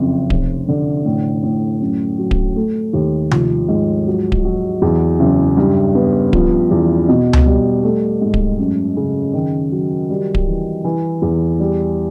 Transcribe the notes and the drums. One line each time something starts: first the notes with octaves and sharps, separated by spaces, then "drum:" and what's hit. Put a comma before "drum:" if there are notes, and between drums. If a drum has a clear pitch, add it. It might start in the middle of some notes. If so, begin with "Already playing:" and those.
Already playing: F#1 F2
F1, drum: kick D1
D3
A2
A2
F#2
F#3
drum: kick D1
A3
D#2
F3, drum: tom C3
G#2
F#3
drum: kick D1
F#3
E2
F#1
G2
B3
F3, drum: kick D1
E2
B2
drum: tom C#2
G3
A3
G#2
drum: kick D1
F#2
C#3
D#3
F#3
G3
drum: kick D1
E3
E3
E2
G3